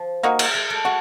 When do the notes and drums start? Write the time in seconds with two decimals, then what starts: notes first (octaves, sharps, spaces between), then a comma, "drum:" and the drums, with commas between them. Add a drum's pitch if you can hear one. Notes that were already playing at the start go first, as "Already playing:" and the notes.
Already playing: F3
0.23 G3 A#3 D#4 F#4
0.39 G#3, drum: cymbal
0.54 G#3
0.70 A3
0.85 A3 F#4